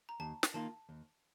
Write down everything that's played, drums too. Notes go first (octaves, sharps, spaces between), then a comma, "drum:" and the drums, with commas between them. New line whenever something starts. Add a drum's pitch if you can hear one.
A#5
D#2 A5
drum: snare
D#3 A#3 F4 A5
D#2